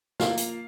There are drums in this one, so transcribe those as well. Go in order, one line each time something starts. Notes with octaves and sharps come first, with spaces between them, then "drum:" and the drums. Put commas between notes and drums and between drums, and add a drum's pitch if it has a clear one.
A#3 F4 F5, drum: snare
drum: hi-hat